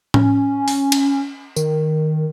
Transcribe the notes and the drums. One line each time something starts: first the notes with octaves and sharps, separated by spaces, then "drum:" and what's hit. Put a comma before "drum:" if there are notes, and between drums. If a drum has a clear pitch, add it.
C#4, drum: tom A2
drum: open hi-hat
drum: cymbal
D#3, drum: tambourine